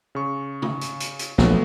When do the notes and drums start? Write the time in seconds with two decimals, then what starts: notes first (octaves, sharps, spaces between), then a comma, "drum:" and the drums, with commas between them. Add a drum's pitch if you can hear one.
0.15 C#3 C#6
0.62 drum: tom
0.81 drum: hi-hat
1.00 drum: hi-hat
1.19 drum: hi-hat
1.38 A#1 F#3 A3 B3, drum: snare